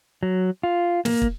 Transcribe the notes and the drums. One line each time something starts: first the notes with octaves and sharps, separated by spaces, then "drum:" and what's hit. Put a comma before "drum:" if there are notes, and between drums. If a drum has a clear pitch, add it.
F#3
F4
A#3, drum: snare
drum: kick